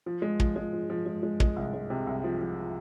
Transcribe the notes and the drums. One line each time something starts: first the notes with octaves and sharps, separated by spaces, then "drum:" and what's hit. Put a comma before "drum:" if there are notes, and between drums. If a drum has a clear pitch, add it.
F3
G#3
F3, drum: kick
G#3
F3
F3
G#3
G#3
G#3, drum: kick
C2
G#3
C3
C2
F3
F3